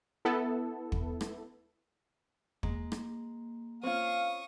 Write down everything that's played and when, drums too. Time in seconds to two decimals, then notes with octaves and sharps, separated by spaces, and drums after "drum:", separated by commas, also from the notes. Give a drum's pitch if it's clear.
0.25 B3 E4 A4
0.92 drum: kick
1.21 drum: rim click
2.63 G#3 A#3, drum: kick
2.92 drum: rim click
3.83 C4 C#4 F4 F5 C#6 D#6